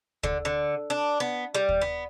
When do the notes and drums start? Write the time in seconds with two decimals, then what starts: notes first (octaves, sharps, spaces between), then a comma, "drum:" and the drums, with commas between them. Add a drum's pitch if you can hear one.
0.23 D3, drum: kick
0.45 D3
0.90 D4
1.20 B3
1.55 G3
1.69 drum: kick
1.82 B3